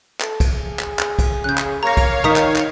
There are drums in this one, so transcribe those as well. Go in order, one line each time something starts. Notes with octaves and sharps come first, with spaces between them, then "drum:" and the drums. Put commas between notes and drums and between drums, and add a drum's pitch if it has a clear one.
A4, drum: clap
drum: kick, cymbal
G#4
drum: clap
drum: clap
drum: kick, cymbal
C#3 F#6 G6
drum: clap
A#3 C#5 F5 A#5 A#6
drum: kick, cymbal
A#2 D#3 A#5 D#6 B6
drum: clap
drum: clap